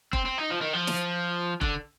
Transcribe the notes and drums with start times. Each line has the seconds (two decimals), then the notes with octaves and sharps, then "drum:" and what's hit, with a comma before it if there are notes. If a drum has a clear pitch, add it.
0.13 C4, drum: kick F1
0.25 C4
0.38 D#4
0.50 F3
0.61 D#3
0.73 F3
0.87 drum: snare
1.61 D3, drum: kick F1